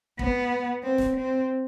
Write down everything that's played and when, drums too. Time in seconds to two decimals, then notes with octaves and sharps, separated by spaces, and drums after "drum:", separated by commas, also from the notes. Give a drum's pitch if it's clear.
0.19 B3, drum: kick
0.83 C4
0.98 drum: snare
1.16 C4